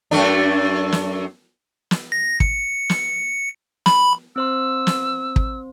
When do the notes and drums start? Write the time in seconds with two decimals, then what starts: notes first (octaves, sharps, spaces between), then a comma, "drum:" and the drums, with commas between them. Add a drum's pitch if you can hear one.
0.11 F#2 A3 D4
0.92 drum: snare
1.91 drum: snare
2.12 A#6
2.40 C#7, drum: kick
2.90 drum: snare
3.86 B5, drum: snare
4.36 C4 C5 C6 E6
4.87 drum: snare
5.36 drum: kick